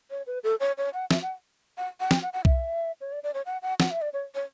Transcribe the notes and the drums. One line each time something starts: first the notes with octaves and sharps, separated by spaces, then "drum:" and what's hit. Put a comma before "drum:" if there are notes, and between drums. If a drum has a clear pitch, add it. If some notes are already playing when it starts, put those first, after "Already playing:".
C#5
B4
A4
C#5
C#5
F#5
E5, drum: snare
F#5
F#5
F#5
G5, drum: snare
F#5
F#5
E5, drum: kick B1
C#5
D5
D5
C#5
F#5
F#5
F#5, drum: snare
E5
D5
C#5
C#5